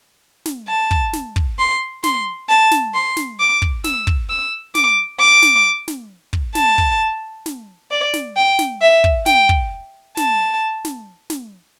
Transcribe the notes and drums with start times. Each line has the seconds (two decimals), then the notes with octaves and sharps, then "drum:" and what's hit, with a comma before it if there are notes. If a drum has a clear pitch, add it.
0.46 drum: snare
0.68 A5
0.91 drum: kick
1.13 drum: snare
1.36 drum: kick
1.59 C6
2.04 C6, drum: snare
2.49 A5
2.71 drum: snare
2.94 C6
3.17 drum: snare
3.39 D6
3.62 drum: kick
3.84 E6, drum: snare
4.07 drum: kick
4.30 E6
4.75 D6, drum: snare
5.20 D6
5.42 drum: snare
5.88 drum: snare
6.33 drum: kick
6.55 A5, drum: snare
6.78 drum: kick
7.46 drum: snare
7.91 D5
8.14 drum: snare
8.36 G5
8.59 drum: snare
8.81 E5
9.04 drum: kick
9.26 G5, drum: snare
9.49 drum: kick
10.17 A5, drum: snare
10.85 drum: snare
11.30 drum: snare